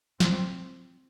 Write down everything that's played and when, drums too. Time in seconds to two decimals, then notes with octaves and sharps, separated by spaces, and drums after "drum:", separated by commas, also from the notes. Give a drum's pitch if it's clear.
0.20 C4, drum: snare